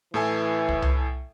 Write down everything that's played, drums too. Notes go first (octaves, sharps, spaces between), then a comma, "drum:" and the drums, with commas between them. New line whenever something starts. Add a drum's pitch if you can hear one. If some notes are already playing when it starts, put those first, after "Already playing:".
A2 E3 A4 G#5
drum: kick
drum: tom C2